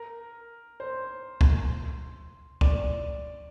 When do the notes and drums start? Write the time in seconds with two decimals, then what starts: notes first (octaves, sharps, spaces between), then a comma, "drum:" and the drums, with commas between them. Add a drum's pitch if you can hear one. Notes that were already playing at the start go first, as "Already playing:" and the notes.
Already playing: A#4
0.80 C5
1.41 drum: kick
2.61 D5, drum: kick